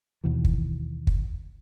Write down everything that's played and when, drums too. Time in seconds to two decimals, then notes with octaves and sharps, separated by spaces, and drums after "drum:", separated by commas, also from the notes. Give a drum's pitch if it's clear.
0.24 D#2 B2 E3
0.44 drum: kick
1.07 drum: kick